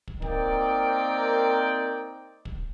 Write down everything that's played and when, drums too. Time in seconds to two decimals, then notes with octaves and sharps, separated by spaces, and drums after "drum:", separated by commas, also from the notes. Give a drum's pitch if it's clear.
0.07 drum: kick
0.22 A#3 C4 D#4 A#4 D5 G5, drum: kick
2.45 drum: kick